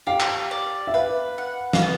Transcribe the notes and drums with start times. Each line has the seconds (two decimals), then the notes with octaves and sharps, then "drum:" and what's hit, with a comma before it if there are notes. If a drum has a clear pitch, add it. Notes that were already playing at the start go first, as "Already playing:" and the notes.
0.07 G4 F5
0.20 drum: clap
0.51 D5
0.87 E5
0.94 B4 F5
1.38 F#5
1.73 F5, drum: snare
1.82 B3